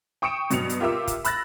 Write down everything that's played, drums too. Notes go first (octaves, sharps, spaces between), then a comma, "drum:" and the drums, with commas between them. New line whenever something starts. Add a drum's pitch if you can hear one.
G5 C#6 D#6 C#7 D7 E7
G2 B2 F#3 C#7 F7, drum: hi-hat
drum: hi-hat
F4 G4 A#4 E5 D6 E6
drum: kick, hi-hat
B5 E6 F#6 A6 A#6, drum: hi-hat